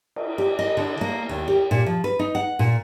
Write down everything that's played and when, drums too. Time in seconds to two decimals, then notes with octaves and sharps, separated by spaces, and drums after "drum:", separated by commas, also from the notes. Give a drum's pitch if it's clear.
0.16 drum: cymbal
0.38 G4
0.59 D#5
0.77 D3
1.01 A#3
1.29 D#2
1.48 G4
1.71 A#2
1.86 F3
2.04 B4
2.19 D#4
2.35 F#5
2.59 A#2